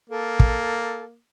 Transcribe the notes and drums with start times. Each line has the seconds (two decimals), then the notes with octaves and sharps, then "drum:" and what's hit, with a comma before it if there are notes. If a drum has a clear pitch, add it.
0.10 A#3 A4
0.40 drum: kick